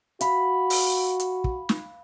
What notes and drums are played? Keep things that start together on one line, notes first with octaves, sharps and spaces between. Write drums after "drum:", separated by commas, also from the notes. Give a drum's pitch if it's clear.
F#4 F5 B5, drum: hi-hat
drum: open hi-hat
drum: hi-hat
drum: kick
drum: snare